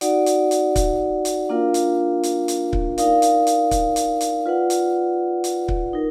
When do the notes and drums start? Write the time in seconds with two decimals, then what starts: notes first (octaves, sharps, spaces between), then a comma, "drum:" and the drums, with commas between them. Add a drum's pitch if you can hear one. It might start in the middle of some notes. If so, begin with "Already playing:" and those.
0.01 D#4 F#4 D5 F#5, drum: hi-hat
0.26 drum: hi-hat
0.51 drum: hi-hat
0.76 drum: kick C#1, hi-hat
1.25 drum: hi-hat
1.49 A#3 D4 F4 A#4 F5
1.74 drum: hi-hat
2.23 drum: hi-hat
2.48 drum: hi-hat
2.73 drum: kick C#1
2.98 D#4 A#4 D5 F5, drum: hi-hat
3.22 drum: hi-hat
3.47 drum: hi-hat
3.71 drum: kick C#1, hi-hat
3.96 drum: hi-hat
4.21 drum: hi-hat
4.46 F4 B4 D5 F#5
4.70 drum: hi-hat
5.44 drum: hi-hat
5.68 drum: kick C#1
5.93 D#4 A#4